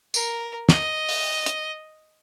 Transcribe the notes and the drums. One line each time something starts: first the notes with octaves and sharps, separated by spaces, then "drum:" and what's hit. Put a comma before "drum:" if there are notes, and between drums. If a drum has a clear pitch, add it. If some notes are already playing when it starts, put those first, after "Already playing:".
A#4, drum: tambourine
D#5, drum: snare
drum: open hi-hat
drum: hi-hat